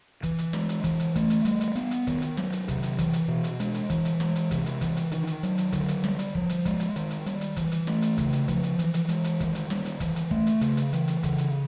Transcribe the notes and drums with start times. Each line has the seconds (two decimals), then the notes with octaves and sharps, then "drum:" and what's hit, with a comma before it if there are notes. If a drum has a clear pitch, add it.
0.23 E3, drum: kick, hi-hat
0.38 drum: hi-hat
0.53 G#3, drum: snare
0.69 drum: hi-hat
0.84 E3, drum: kick, hi-hat
1.00 drum: hi-hat
1.15 A3, drum: kick, hi-hat
1.30 drum: hi-hat
1.45 G3, drum: hi-hat
1.61 drum: hi-hat
1.75 B3, drum: hi-hat
1.91 drum: hi-hat
2.07 D#3, drum: kick, hi-hat
2.22 drum: hi-hat
2.37 F#3, drum: snare
2.52 drum: hi-hat
2.68 C3, drum: kick, hi-hat
2.83 drum: hi-hat
2.98 E3, drum: kick, hi-hat
3.13 drum: hi-hat
3.28 B2
3.44 drum: hi-hat
3.60 G#3, drum: hi-hat
3.74 drum: hi-hat
3.90 E3, drum: kick, hi-hat
4.05 drum: hi-hat
4.20 G#3, drum: snare
4.36 drum: hi-hat
4.51 C3, drum: kick, hi-hat
4.66 drum: hi-hat
4.81 E3, drum: kick, hi-hat
4.97 drum: hi-hat
5.12 D#3, drum: hi-hat
5.27 drum: hi-hat
5.43 F#3, drum: hi-hat
5.58 drum: hi-hat
5.72 D3, drum: kick, hi-hat
5.88 drum: hi-hat
6.04 G3, drum: snare
6.19 drum: hi-hat
6.35 F3, drum: kick
6.49 drum: hi-hat
6.65 G#3, drum: kick, hi-hat
6.80 drum: hi-hat
6.96 D#3, drum: hi-hat
7.11 drum: hi-hat
7.26 G3, drum: hi-hat
7.41 drum: hi-hat
7.56 E3, drum: kick, hi-hat
7.72 drum: hi-hat
7.87 A3, drum: snare
8.02 drum: hi-hat
8.18 C#3, drum: kick, hi-hat
8.33 drum: hi-hat
8.48 F3, drum: kick, hi-hat
8.63 drum: hi-hat
8.79 E3, drum: hi-hat
8.94 drum: hi-hat
9.09 G#3, drum: hi-hat
9.24 drum: hi-hat
9.40 D#3, drum: kick, hi-hat
9.55 drum: hi-hat
9.70 G3, drum: snare
9.85 drum: hi-hat
10.00 E3, drum: kick, hi-hat
10.16 drum: hi-hat
10.31 A3, drum: kick
10.47 drum: hi-hat
10.61 C#3, drum: hi-hat
10.77 drum: hi-hat
10.93 E3, drum: hi-hat
11.08 drum: hi-hat
11.23 C#3, drum: kick, hi-hat
11.38 drum: hi-hat